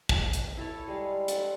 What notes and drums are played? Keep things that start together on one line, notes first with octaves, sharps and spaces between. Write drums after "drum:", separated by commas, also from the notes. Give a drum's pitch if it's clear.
drum: kick
drum: hi-hat
E4 A4 C#5
G3 G#3 F5
A4 F#5 C6, drum: hi-hat